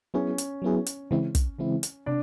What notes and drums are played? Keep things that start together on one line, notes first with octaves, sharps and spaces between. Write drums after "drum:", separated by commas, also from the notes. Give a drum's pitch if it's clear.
F#3 B3 C#4 E4 G#4
drum: hi-hat
F#3 B3 E4 G#4
drum: hi-hat
C#3 E3 G#3 C4 E4
drum: kick, hi-hat
C#3 E3 G#3 C4 E4
drum: hi-hat
C3 D4